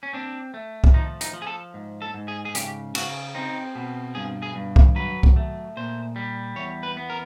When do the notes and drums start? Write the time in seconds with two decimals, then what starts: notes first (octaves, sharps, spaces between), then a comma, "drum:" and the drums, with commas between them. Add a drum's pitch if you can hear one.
0.03 C#4
0.13 C4 D4
0.54 A3
0.84 drum: kick C2
0.94 F3 D#4
1.21 D#4, drum: hi-hat
1.33 F3
1.42 G#4
1.47 A4
1.74 G#2
2.02 A4
2.14 G#2
2.28 G#4
2.45 G#4
2.55 C#3 G4, drum: hi-hat
2.95 C#3 F#4, drum: cymbal
3.35 C4 D#4
3.75 B2
4.15 G2 G#4
4.42 G#4
4.55 G2
4.76 drum: kick C2
4.95 F#3 B4
5.23 drum: kick C2
5.36 A3
5.77 A#2 C5
6.16 G3
6.56 E2 C#5
6.83 B4
6.97 B3
7.10 A#4